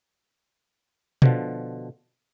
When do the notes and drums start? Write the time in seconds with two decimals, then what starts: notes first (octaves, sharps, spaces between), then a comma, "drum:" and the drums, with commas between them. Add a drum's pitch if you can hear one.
1.22 B2 D3 F3, drum: tom B2